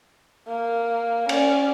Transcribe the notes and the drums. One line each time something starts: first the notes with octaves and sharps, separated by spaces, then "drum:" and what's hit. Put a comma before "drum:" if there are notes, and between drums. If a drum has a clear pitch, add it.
A#3
C#4 D5, drum: cymbal